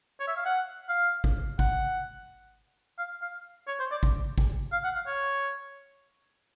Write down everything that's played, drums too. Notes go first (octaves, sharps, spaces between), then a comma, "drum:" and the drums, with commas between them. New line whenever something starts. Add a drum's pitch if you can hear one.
C#5
E5
F5
F#5
F5
drum: kick G#1
F#5, drum: kick G#1
F5
F5
C#5
C5
D5
drum: kick G#1
drum: kick G#1
F5
F#5
F5
C#5